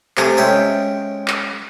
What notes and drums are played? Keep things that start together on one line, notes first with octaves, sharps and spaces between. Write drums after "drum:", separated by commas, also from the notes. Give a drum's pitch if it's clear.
C3 A3 G#5, drum: clap
G#3 C#4 E5 G5
drum: clap